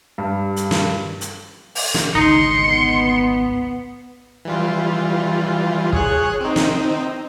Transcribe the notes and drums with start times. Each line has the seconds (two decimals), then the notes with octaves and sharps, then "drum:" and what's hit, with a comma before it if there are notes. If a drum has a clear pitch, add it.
0.18 G2
0.56 drum: hi-hat
0.71 drum: snare
1.21 drum: hi-hat
1.75 drum: open hi-hat
1.94 drum: snare
2.15 G#1 C#2 D3 D#4 C6 C#7
2.63 B3
4.45 E3 G3 F4
5.93 G#4 C#5 F#6, drum: kick
6.41 C4 D#4
6.56 drum: snare